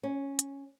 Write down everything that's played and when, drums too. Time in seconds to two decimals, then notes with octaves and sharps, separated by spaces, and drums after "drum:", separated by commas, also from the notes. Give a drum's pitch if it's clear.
0.03 C#4
0.39 drum: hi-hat